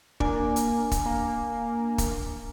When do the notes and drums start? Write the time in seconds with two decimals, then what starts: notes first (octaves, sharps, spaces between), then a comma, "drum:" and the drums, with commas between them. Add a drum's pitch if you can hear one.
0.20 A#3 D4 G#5, drum: kick
0.56 drum: hi-hat
0.91 drum: kick, hi-hat
1.06 A#3
1.98 drum: kick, hi-hat